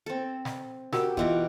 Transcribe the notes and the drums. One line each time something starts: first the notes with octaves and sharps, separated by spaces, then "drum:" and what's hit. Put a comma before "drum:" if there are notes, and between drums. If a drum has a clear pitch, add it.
C4 A4
drum: snare
F#4 G4 A#4 E6, drum: snare
B2 E3 F4 A#4, drum: kick